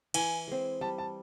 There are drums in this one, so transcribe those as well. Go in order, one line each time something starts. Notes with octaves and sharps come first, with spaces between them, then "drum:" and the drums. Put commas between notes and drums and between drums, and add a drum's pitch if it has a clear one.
E3 G#5, drum: cymbal
G#3 C4
G3 A5
A5